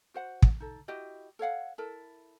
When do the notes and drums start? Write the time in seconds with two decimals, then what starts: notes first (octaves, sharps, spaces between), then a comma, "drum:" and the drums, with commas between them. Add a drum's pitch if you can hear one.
0.14 F#4 C5 F#5
0.42 drum: kick
0.60 D#4 A4
0.88 E4 F#4 G4 D#5
1.39 A4 C#5 F5 F#5
1.78 E4 A4 A#4